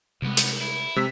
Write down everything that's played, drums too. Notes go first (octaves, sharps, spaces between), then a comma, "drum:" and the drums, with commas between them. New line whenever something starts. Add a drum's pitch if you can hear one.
C2 C3 G3 G#3 B3
drum: hi-hat
E4
C3 G#3 E6 B6